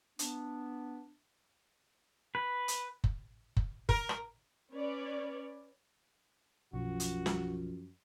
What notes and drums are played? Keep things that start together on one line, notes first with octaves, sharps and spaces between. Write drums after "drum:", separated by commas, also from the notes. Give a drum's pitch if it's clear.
B3 D4, drum: hi-hat
B4
drum: hi-hat
drum: kick F#1
drum: kick F#1
A#4, drum: kick F#1
drum: rim click
C#4 B4 C#5 D5
B1 F#2 F3 F#4
drum: hi-hat
drum: snare